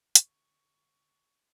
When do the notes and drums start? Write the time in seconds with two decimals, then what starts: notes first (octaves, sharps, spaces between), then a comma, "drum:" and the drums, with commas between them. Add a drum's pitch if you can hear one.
0.15 D3 C#6, drum: hi-hat